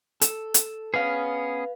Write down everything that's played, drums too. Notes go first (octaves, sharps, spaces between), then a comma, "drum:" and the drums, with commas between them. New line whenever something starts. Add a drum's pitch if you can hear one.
A4, drum: hi-hat
drum: hi-hat
B3 C#4 G#4 B4 F5